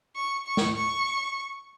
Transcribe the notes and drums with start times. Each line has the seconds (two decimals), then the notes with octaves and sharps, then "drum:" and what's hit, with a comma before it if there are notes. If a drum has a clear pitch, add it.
0.16 C#6
0.46 C#6
0.57 drum: snare
0.76 C#6